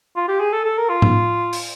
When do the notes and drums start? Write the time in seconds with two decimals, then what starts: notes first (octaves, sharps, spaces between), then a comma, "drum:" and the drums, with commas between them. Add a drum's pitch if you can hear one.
0.16 F4
0.28 G4
0.40 G#4
0.53 A4
0.65 A4
0.78 A#4
0.89 F4
1.02 drum: tom A2
1.53 drum: open hi-hat